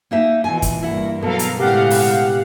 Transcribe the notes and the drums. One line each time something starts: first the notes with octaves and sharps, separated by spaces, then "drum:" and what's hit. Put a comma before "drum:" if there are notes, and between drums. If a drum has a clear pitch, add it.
A#3 D#4 E5
B2 E3 F3 G#5
drum: kick, hi-hat
G2 A#3 E4 F#5
B2 F#3 B3 A4 A#4 F5
drum: hi-hat
A2 C#3 G#3 G4 F5 F#5
drum: open hi-hat